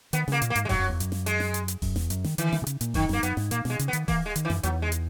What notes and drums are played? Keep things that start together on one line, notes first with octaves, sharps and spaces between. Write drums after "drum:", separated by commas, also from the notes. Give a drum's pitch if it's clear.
D#3 B3, drum: hi-hat
C#3 A#3, drum: snare
A#2, drum: hi-hat
A#3
G#2, drum: hi-hat
G#3
G#2 F#3, drum: kick D#1, open hi-hat
F#2
E2
F#2, drum: hi-hat
drum: snare
G#3, drum: hi-hat
drum: snare
drum: hi-hat
drum: hi-hat
F#2, drum: kick D#1, open hi-hat
E2, drum: snare
F#2, drum: hi-hat
D#3, drum: snare
D#3 E3, drum: hi-hat
D#3, drum: snare
B2
C#3, drum: hi-hat
A#2, drum: hi-hat
F#2 D#3, drum: kick D#1, open hi-hat
F#2 A#3, drum: snare
F#2 B3, drum: hi-hat
G#2, drum: snare
A#2 A#3, drum: hi-hat
B2 G#3, drum: snare
C#3, drum: hi-hat
B3
D#3, drum: hi-hat
E3 A#3, drum: kick D#1, open hi-hat
G#3
D#3, drum: hi-hat
E3
F#2, drum: snare
E2 F#3, drum: hi-hat
G#3
drum: hi-hat